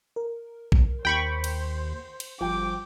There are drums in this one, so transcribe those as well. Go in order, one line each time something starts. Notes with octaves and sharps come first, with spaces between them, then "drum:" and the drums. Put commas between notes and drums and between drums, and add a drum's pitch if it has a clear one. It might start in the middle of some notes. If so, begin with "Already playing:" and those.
A#4
drum: kick A#1
D#2 C5 G5 B5 C#6
drum: cymbal
drum: cymbal
G1 F3 G3 G5 D6